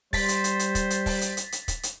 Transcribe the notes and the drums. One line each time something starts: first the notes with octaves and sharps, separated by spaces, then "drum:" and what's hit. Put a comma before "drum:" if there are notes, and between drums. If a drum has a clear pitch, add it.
G3 C5 A6 B6, drum: kick, open hi-hat
drum: hi-hat
drum: hi-hat
drum: hi-hat
drum: kick, hi-hat
drum: hi-hat
drum: kick, open hi-hat
drum: hi-hat
drum: hi-hat
drum: hi-hat
drum: kick, hi-hat
drum: hi-hat